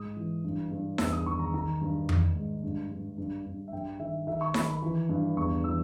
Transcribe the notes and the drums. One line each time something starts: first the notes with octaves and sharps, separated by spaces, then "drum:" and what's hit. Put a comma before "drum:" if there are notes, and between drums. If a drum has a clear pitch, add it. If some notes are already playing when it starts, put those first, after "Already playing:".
Already playing: G#2 D#6
E3
G2
G2
E2 E6, drum: snare D#4
D#6
D#3 C#6
A#5
D#3 A#5
G2
D#3, drum: tom F2
G#2
G2
G2
G2
G2
E5
G2 G5
D#3 E5
D#3 E5
C#6
D#3 B5, drum: snare D#4
B5
E3
G2
E2 C#6
E3 E6